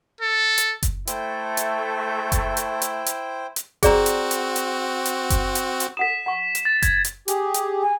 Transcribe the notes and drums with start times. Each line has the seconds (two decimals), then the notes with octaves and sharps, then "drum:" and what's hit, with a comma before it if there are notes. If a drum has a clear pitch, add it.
0.21 A4
0.58 drum: hi-hat
0.83 drum: kick F#1, hi-hat
1.07 A3 E4 C5 G5, drum: hi-hat
1.57 drum: hi-hat
2.32 drum: kick F#1, hi-hat
2.57 drum: hi-hat
2.82 drum: hi-hat
3.06 drum: hi-hat
3.56 drum: hi-hat
3.83 C4 F#4 G#4 D5 A#5, drum: kick F#1, hi-hat
4.06 drum: hi-hat
4.31 drum: hi-hat
4.56 drum: hi-hat
5.05 drum: hi-hat
5.30 drum: kick F#1, hi-hat
5.55 drum: hi-hat
5.80 drum: hi-hat
5.97 A4 F#5 D#6 B6 E7
6.26 F#5 C#6
6.55 drum: hi-hat
6.65 A6
6.82 G#6, drum: kick F#1, hi-hat
7.05 drum: hi-hat
7.28 G4 G#4, drum: hi-hat
7.54 drum: hi-hat
7.82 G#5